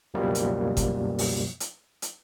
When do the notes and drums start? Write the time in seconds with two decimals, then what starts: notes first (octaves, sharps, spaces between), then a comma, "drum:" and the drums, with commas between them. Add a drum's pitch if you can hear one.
0.14 C#2 F#2 B2 F3 G3 A#3
0.35 drum: hi-hat
0.77 drum: kick G1, hi-hat
1.18 drum: open hi-hat
1.60 drum: hi-hat
2.02 drum: hi-hat